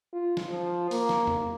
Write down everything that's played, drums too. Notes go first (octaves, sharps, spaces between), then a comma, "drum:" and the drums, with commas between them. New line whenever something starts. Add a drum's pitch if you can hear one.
F4
drum: snare
F3
A#3, drum: open hi-hat
drum: snare
drum: tom